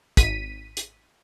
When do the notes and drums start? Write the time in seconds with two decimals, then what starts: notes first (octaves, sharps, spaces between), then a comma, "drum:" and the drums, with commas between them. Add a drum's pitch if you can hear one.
0.17 G#1 B6 D#7, drum: kick, hi-hat
0.77 drum: hi-hat